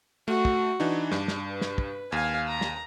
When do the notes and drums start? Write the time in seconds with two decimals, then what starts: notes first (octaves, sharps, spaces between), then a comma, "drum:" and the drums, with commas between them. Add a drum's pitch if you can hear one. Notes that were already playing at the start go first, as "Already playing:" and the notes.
0.28 A3 F#4
0.45 drum: kick
0.80 E3 D4 D#4
1.11 G2 D4, drum: snare
1.28 drum: snare
1.52 B4
1.61 drum: snare
1.78 drum: kick
2.12 D#2 F5 G#5
2.48 A#5
2.61 drum: snare